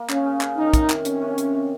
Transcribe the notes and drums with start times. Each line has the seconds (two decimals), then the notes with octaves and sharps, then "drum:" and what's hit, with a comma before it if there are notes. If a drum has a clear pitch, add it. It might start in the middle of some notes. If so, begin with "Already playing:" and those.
Already playing: A#3
0.10 C#3 C#4, drum: clap
0.26 C#3
0.41 C#3, drum: clap
0.57 D#3 D#4
0.74 C3, drum: kick, hi-hat
0.90 D#3, drum: clap
1.05 C3 C#4, drum: hi-hat
1.22 C3
1.38 C3, drum: hi-hat
1.54 C3